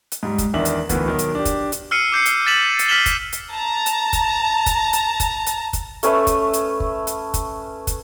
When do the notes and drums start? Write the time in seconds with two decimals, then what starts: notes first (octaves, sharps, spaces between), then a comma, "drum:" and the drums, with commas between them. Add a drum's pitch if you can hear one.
0.12 drum: hi-hat
0.23 G#2 G3
0.38 drum: kick, hi-hat
0.54 E2 D#3 D4 E5 F#7
0.65 drum: hi-hat
0.89 D2 D#3 E3 B3, drum: kick, hi-hat
1.06 B2 D#3 F#3
1.19 drum: hi-hat
1.35 D4 G4
1.45 drum: kick, hi-hat
1.72 drum: hi-hat
1.91 E6 F6 C7 C#7 D#7
2.12 D6 G6 C7 C#7
2.26 drum: hi-hat
2.46 A6 B6 D#7 E7 F#7
2.59 F#7
2.79 drum: hi-hat
2.88 F6 B6 C7 E7 F#7 G7
3.06 drum: kick, hi-hat
3.33 drum: hi-hat
3.52 A5 A#5
3.86 drum: hi-hat
4.13 drum: kick, hi-hat
4.66 drum: kick, hi-hat
4.93 drum: hi-hat
5.20 drum: kick, hi-hat
5.47 drum: hi-hat
5.73 drum: kick, hi-hat
6.03 A3 C#4 B4 E5, drum: hi-hat
6.27 drum: kick, hi-hat
6.53 drum: hi-hat
6.80 drum: kick
7.07 drum: hi-hat
7.34 drum: kick, hi-hat
7.87 drum: kick, hi-hat